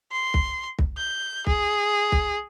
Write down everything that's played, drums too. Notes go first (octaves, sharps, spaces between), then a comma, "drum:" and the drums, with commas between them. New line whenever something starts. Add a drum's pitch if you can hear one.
C6
drum: kick
drum: kick
G6
G#4, drum: kick
drum: kick